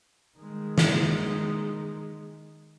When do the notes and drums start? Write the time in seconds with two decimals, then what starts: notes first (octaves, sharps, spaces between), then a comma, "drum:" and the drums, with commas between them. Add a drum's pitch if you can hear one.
0.38 D#3 G#3
0.78 drum: snare